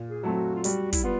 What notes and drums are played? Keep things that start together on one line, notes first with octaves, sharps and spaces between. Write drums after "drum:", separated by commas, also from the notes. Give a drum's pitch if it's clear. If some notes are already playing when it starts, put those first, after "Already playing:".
Already playing: A#2
G#4
F#3 A3 C4 F4
F#4
F4
G3 F#4, drum: hi-hat
E4, drum: kick, hi-hat
B3 F4